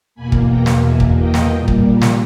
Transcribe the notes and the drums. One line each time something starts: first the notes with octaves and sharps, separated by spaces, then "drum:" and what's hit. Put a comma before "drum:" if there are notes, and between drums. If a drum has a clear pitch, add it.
E2 B2 A#3 G#5 B5
drum: kick
G5 A#5
drum: snare
E5 G#5
drum: kick
D#5 G5
drum: snare
A#2 G3 A#3
drum: kick
drum: snare